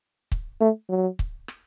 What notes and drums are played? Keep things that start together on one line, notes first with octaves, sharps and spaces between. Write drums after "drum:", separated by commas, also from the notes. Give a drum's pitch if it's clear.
drum: kick
A3
F#3
drum: kick
drum: rim click